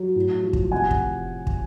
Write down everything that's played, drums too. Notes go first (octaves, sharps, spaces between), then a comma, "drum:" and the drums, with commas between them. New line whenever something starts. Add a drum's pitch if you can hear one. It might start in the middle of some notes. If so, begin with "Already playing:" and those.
Already playing: F#3
A2
F3
drum: kick
C3 F#5 G#5
drum: kick
drum: kick